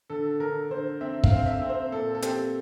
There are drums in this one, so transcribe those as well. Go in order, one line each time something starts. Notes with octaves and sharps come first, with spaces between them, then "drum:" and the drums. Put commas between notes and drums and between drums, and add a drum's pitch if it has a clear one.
D3 A4
D3 A#4
D3 C5
C4 E5
F5, drum: kick
C4
E5
C4
C5
A#2 A4
A4
C4 G4, drum: hi-hat